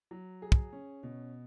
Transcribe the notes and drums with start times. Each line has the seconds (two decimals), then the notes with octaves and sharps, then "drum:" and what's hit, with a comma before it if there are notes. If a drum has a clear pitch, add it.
0.11 F#3
0.42 G#4
0.52 drum: kick
0.73 C#4
1.03 B2